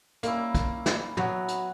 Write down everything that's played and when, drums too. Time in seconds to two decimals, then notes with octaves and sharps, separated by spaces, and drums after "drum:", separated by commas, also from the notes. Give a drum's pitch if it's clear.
0.23 G3 A#3 C#4 E4, drum: hi-hat
0.55 drum: kick, hi-hat
0.86 drum: snare
1.17 F#3 B3 F#4 B4, drum: tom
1.48 drum: hi-hat